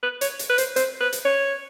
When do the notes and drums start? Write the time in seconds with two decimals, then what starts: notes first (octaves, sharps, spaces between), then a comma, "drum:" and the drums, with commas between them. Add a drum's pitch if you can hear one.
0.03 B4
0.21 C#5, drum: hi-hat
0.39 drum: hi-hat
0.50 B4
0.58 C5, drum: hi-hat
0.76 C5, drum: hi-hat
1.01 B4
1.13 drum: hi-hat
1.25 C#5